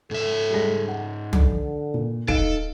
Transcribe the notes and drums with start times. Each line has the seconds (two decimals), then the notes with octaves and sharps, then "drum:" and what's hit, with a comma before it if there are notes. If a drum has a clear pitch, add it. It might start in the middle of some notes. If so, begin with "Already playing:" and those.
0.11 G#2 A4 E5
0.50 G3 G#3 A#6
0.88 F#5
1.33 D3, drum: tom
1.94 A#2
2.28 D#4 A4 F5 D7, drum: kick